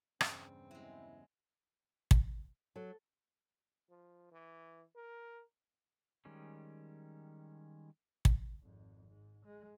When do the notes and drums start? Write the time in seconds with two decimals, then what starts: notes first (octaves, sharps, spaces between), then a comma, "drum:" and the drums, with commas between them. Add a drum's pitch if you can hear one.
0.21 E2 G2 C#3 C4, drum: rim click
0.71 C3 F#3 G#3 E4
2.11 drum: kick
2.76 F#3 A4
3.90 F3
4.32 E3
4.95 A#4
6.25 D#3 G3 G#3 C#4
8.25 drum: kick
8.63 G#1 F2
9.08 G#2
9.46 G#3